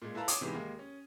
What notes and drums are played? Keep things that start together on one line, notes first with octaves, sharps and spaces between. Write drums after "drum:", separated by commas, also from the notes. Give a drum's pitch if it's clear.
A#2 G#3 A#3
E4 A4 B4 F5 A5 A#5
C#5 D6 D#6, drum: hi-hat
C3 E3 G#3 B3 D#4
D#2 G#3 A#3
C#4